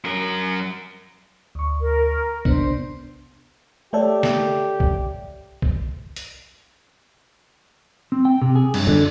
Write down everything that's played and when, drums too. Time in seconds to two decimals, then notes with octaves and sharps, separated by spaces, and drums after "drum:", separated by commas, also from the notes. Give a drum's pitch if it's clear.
0.04 F#2 A#4
1.55 D2 C#6
1.80 A#4
2.45 C3 B3 D4 C5, drum: kick B1
3.93 A3 G4 A4 C#5 D5 E5
4.23 drum: snare
4.80 drum: kick B1
5.62 drum: kick B1
6.16 drum: hi-hat
8.12 C4
8.25 G5
8.42 C3
8.56 G#4
8.74 G2, drum: cymbal
8.87 D3, drum: tom F2